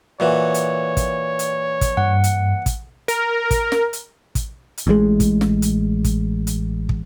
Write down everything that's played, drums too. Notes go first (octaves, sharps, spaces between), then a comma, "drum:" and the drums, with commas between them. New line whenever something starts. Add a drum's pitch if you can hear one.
A#2 E3 F#4 C#5
drum: hi-hat
drum: kick, hi-hat
drum: hi-hat
drum: kick, hi-hat
G2 F#5
drum: hi-hat
drum: kick, hi-hat
A#4, drum: hi-hat
drum: kick, hi-hat
drum: snare
drum: hi-hat
drum: kick, hi-hat
drum: hi-hat
A1 A2 C3 G#3
drum: kick, hi-hat
drum: snare
drum: hi-hat
drum: kick, hi-hat
drum: hi-hat
drum: kick